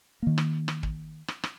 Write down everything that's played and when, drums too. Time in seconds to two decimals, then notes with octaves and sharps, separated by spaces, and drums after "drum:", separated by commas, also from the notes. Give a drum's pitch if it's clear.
0.22 D#3 A#3
0.38 drum: rim click
0.68 drum: rim click
0.83 drum: kick
1.28 drum: rim click
1.44 drum: rim click